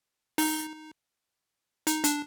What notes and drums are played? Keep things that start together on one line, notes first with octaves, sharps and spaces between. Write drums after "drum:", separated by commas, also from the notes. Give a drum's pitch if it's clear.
D#4, drum: open hi-hat
D#4, drum: hi-hat
D4, drum: hi-hat